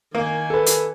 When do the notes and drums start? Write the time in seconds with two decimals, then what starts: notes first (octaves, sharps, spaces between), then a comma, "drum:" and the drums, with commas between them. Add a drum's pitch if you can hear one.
0.15 D#3 A#3 G#5
0.50 A4 B4
0.67 drum: hi-hat